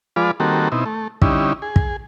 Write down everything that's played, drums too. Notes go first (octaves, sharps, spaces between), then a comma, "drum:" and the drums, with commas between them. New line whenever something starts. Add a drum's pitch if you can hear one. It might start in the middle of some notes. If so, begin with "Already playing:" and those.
F3 G#3 F4 B4 D5
D#3 G3 A#3 C4 F#4 A4
B2 C4 D#4 E4
A3
D3 G3 C#4 D#4 E4, drum: kick
G#4
drum: kick